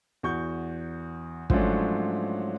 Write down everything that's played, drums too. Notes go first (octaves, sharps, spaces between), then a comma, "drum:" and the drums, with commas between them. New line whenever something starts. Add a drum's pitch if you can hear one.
E2 F#4 C#6 G6
G#2 F3 F#3 A3 C#4 D4, drum: kick